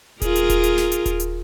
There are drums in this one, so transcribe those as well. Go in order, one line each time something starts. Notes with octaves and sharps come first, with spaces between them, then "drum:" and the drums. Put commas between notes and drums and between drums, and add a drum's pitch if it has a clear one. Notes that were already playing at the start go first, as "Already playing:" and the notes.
F4 G#4 A#4, drum: kick D#1, hi-hat
drum: hi-hat
drum: kick D#1, hi-hat
drum: hi-hat
drum: snare
drum: hi-hat
drum: kick D#1, hi-hat
drum: hi-hat